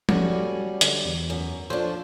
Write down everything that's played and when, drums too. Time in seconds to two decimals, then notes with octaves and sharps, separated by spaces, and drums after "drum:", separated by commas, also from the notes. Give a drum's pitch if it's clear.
0.09 G3 C#4 F#4 A4 D5, drum: tom F3
0.81 D3, drum: hi-hat
1.05 E2
1.30 F#2
1.70 F3 D4 A4 C5 C#5